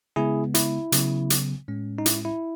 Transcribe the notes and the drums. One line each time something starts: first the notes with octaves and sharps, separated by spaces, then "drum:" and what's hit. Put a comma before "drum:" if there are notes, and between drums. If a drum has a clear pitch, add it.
C#3 G#3 B3 E4 G#4
E4, drum: hi-hat
C#3 F#3 B3, drum: hi-hat
drum: hi-hat
A2 G#3 C#4
D#4
E4, drum: hi-hat
E4